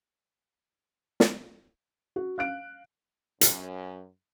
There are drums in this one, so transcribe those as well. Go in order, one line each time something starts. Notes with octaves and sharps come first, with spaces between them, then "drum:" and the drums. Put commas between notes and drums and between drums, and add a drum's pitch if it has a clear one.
drum: snare
F#4
F5 F#6 D7
F#2, drum: hi-hat